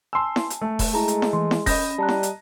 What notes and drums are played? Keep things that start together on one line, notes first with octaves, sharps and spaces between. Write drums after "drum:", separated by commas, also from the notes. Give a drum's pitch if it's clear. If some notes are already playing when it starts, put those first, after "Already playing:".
G#5 A5 C6 E6
drum: snare E4
drum: hi-hat
A3
drum: kick E1, open hi-hat
G#3 E4 G#4 A5 A#5
drum: hi-hat
drum: snare E4
E3 C6
drum: snare E4
C#4 D#5 B5 D#6 G6 A#6, drum: kick E1, open hi-hat
G3 A5 A#5 F#6
drum: snare E4
drum: hi-hat